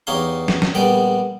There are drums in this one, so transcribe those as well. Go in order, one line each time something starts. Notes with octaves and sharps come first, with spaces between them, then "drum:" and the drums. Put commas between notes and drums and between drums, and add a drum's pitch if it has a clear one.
E2 D#4 G4 C#5 F5 C6
drum: snare
drum: snare
A#1 G3 G#3 B3 G5